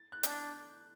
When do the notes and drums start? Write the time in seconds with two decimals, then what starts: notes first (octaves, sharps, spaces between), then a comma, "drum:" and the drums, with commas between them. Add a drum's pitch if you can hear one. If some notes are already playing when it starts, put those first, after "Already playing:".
Already playing: A6
0.12 F#6
0.23 D4 G6, drum: hi-hat